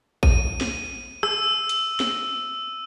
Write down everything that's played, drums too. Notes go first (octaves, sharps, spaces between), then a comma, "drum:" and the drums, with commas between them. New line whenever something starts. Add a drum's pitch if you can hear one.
D#7, drum: kick A1
drum: snare
E6, drum: rim click
drum: hi-hat
drum: snare